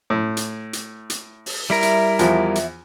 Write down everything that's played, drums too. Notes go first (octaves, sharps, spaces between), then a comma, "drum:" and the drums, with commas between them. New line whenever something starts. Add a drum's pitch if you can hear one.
A2
drum: hi-hat
drum: hi-hat
drum: hi-hat
drum: open hi-hat
G3 E4 A#4 E5
drum: hi-hat
E2 F3, drum: hi-hat
drum: hi-hat